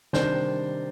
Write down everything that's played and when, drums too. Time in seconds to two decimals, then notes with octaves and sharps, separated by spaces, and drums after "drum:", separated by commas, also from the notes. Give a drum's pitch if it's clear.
0.13 C3 D#3 G3 D4 C5, drum: snare